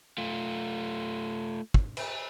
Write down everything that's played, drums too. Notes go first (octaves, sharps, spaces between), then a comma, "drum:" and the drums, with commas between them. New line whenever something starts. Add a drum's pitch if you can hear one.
A3 F4
drum: kick
drum: cymbal